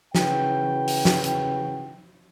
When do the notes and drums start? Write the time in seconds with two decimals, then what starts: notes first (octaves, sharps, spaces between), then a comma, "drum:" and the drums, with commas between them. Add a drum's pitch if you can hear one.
0.15 C#3 E3 F#4 B4 G5, drum: snare
0.88 drum: open hi-hat
1.05 drum: snare
1.24 drum: hi-hat